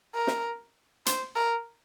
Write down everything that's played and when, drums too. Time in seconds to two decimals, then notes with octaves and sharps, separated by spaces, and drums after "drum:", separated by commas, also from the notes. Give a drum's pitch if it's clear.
0.15 A#4
0.27 drum: snare
1.06 C5, drum: hi-hat
1.36 A#4